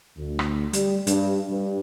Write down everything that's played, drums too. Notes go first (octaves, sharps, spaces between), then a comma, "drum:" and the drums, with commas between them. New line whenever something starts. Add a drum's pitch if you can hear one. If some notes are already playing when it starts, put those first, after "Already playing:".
D2
drum: rim click
G3, drum: hi-hat
G2, drum: hi-hat
G2